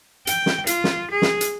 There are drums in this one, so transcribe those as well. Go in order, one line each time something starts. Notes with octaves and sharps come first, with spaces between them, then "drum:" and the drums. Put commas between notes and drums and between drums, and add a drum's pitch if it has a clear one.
G5, drum: hi-hat
drum: snare
F4, drum: hi-hat
drum: snare
G#4
drum: snare
drum: hi-hat